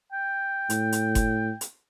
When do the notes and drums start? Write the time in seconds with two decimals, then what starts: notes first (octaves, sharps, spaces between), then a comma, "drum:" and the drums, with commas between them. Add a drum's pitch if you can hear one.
0.12 G5
0.70 A2, drum: hi-hat
0.92 drum: hi-hat
1.15 drum: kick F#1, hi-hat
1.61 drum: hi-hat